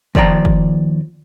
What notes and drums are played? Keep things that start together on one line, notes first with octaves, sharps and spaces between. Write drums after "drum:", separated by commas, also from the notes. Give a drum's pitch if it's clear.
D#2 F3 D5 G5 A#5, drum: kick
drum: kick